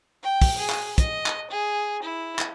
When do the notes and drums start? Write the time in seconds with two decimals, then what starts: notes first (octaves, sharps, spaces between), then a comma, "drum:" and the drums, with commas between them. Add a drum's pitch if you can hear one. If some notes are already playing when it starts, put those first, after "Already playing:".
0.23 G5
0.42 drum: kick, open hi-hat
0.58 G#4
0.70 drum: clap
0.98 D#5, drum: kick, hi-hat
1.26 drum: clap
1.50 G#4
2.02 E4
2.39 drum: clap